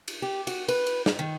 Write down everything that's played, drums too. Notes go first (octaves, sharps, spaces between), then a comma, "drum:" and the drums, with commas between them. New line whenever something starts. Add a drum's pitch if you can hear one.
drum: cymbal
G4
F#4, drum: cymbal
B4, drum: cymbal
drum: cymbal
drum: snare
D#3